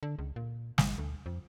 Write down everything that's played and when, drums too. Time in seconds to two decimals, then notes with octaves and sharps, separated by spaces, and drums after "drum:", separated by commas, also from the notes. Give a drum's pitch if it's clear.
0.03 D3
0.19 C#2
0.36 A#2
0.78 G#1, drum: snare
0.98 D2
1.26 F2